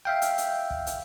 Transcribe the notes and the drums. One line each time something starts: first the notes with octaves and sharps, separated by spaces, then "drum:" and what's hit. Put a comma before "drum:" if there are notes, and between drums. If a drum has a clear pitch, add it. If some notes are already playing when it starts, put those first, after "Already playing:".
E5 F5 G5
drum: hi-hat
drum: hi-hat
drum: kick
drum: hi-hat